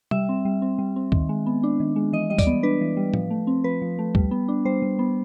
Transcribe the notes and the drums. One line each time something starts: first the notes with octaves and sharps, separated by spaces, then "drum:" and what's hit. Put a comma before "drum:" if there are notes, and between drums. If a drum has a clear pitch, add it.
G3 E5, drum: tom C3
C4
G3
C4
G3
C4
D#3, drum: kick
G#3
B3
D4
D#3
G#3
E3 D#5
G3 D#5
D5, drum: kick, tambourine
B3
D4 B4
E3
G3
F3, drum: tom A2
A3
C4
F3 B4
F3
A3
G3, drum: kick
B3
D4
G3 C5
G3
B3